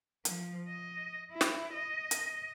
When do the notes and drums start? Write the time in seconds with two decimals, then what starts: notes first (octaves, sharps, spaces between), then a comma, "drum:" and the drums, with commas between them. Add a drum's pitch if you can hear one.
0.25 F3, drum: hi-hat
0.67 D#5
1.31 E4
1.41 drum: snare
1.74 D#5
2.11 drum: hi-hat